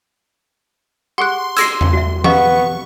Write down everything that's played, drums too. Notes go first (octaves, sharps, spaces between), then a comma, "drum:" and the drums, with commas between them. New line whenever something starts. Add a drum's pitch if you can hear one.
G4 G#4 F#5 C6 F#6
F#4 G#4 E6 G#6 A#6 C7, drum: hi-hat
drum: tom E2
F#4 E5
B3 D#5 F5 F#5 A#5 C#6, drum: tom E3